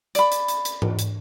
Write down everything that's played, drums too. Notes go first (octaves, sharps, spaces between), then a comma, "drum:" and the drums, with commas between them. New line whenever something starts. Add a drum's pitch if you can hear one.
D5 B5, drum: hi-hat
drum: hi-hat
drum: hi-hat
drum: hi-hat
drum: tom G#2
drum: hi-hat